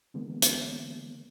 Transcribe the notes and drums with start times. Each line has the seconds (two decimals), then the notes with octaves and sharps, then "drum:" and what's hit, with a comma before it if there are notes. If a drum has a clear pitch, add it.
0.14 D3 E3 G#3 A#3 B3
0.42 drum: hi-hat